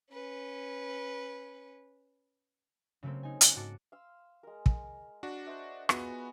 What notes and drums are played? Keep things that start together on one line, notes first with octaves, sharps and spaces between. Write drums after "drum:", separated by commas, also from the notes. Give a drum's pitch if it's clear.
C#4 B4
C#3 F#3 A3 A#3 C4
D#4 G#5
F#6, drum: hi-hat
G#2 F#4 F#5 A5 D6 C#7
F5 C6 E6
G#3 A#4
drum: kick
D4 F#4 C#6
C5 D#5 E5
B3 F4 F#4 G#4, drum: rim click
B5